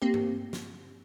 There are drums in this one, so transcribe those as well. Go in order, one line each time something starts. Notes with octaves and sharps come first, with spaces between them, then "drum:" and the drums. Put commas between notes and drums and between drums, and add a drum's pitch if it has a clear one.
A#3 C4 G4
drum: tom
drum: snare